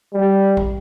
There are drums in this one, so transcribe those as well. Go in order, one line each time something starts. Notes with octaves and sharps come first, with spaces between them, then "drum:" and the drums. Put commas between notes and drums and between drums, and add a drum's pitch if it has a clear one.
G3
drum: kick